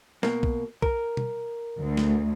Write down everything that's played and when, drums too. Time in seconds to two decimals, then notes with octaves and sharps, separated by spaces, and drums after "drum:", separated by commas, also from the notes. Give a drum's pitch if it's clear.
0.23 B2 A#3, drum: snare
0.43 drum: kick B1
0.82 A#4, drum: kick B1
1.17 drum: tom B2
1.80 D2
1.97 drum: snare